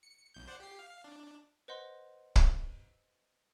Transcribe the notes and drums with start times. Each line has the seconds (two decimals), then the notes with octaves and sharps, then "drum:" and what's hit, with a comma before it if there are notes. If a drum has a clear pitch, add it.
0.03 C#7
0.34 B1 G6
0.47 C5 D5 F#5
0.60 G4 C7
0.79 F5
1.04 D4
1.68 B4 C5 D#5 F#5 C6
2.36 drum: kick